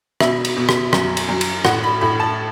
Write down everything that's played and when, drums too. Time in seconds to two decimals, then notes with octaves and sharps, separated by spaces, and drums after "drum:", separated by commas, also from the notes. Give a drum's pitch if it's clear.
0.20 B2 E5, drum: rim click
0.45 drum: cymbal
0.57 B2
0.69 drum: rim click
0.93 F#2, drum: rim click
1.17 drum: cymbal
1.29 F#2
1.41 drum: cymbal
1.65 A2 F#5, drum: rim click
1.84 B5
2.01 A2 B5
2.20 A5